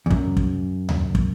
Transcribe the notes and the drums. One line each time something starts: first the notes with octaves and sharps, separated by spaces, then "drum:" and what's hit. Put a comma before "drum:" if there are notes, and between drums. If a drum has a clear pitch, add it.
E2
F#2, drum: kick
drum: kick
drum: tom D2
drum: kick